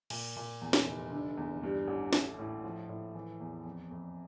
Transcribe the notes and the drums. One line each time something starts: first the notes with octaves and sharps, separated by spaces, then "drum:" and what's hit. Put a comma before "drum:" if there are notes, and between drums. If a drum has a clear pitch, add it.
A#2, drum: cymbal
A#2
E2
drum: snare
F1
D3
E2
G2
A1
A3, drum: snare
A2
F3
A2
E3
E2
F2
F2